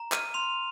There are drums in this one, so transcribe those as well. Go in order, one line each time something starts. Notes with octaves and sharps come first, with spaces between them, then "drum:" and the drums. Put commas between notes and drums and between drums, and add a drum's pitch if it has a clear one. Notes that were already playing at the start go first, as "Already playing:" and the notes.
Already playing: A#5
F6 D#7, drum: clap
C6 F7